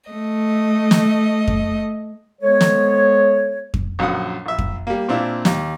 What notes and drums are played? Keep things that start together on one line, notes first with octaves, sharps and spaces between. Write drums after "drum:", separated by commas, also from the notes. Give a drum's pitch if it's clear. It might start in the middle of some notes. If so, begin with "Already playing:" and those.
A3 D#5
drum: snare
drum: kick F2
G#3 B3 A4 C5 C#5
drum: snare
drum: kick F2
A#1 F#2 D3 F#5 D#6
A#1 E5
drum: kick F2
G3 A#3
A#2 C4 D4 E4 F4
D#2, drum: snare